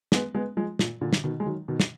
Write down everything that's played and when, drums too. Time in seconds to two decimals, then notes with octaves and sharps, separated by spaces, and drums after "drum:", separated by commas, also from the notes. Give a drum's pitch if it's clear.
0.12 G#3 B3, drum: snare
0.35 G#3 B3
0.57 F3 G#3
0.79 A#2, drum: snare
1.01 A#2 D3
1.13 drum: snare
1.24 B2 D#3
1.40 G#3
1.46 D#3 F#3
1.68 B2 D#3
1.80 drum: snare